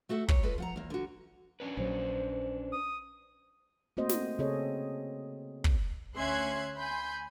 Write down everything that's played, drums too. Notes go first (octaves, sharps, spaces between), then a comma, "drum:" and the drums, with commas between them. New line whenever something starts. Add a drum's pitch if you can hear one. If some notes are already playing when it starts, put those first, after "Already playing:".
A3 F#4 A4 E5 F#5
A#2 C#5, drum: kick
F4 A4 B4 D#5
F3 F#5 A#5
E2 A#3
D3 F#4
C#4 D4 B4
A#1 F#3 C5
D#6
A3 A#3 C4 F#4 C5 D#5
drum: snare
C#3 C4 G#4 A4 C#5 D#5
drum: kick
D2 C#4 E5 C6 F#6 G#6
G#5 B5 C6 G6